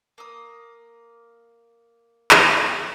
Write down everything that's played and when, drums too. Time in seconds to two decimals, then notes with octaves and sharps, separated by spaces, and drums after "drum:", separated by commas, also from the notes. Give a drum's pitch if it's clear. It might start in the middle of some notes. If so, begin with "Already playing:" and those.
0.18 A#3 D#6
2.31 drum: clap